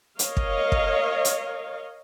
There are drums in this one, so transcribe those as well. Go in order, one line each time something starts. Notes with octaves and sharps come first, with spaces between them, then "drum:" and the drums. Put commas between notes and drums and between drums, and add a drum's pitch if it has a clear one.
A#4 C#5 D#5 F5, drum: hi-hat
drum: kick
drum: kick
drum: hi-hat